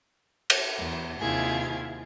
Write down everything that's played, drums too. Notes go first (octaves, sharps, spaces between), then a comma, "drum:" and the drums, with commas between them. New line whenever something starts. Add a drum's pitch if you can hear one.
drum: cymbal
E2
D#2 C3 E4 F4 G#4 G#6